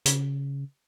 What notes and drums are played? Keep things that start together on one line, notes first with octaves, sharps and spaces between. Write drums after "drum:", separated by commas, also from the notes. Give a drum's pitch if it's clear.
C#3, drum: hi-hat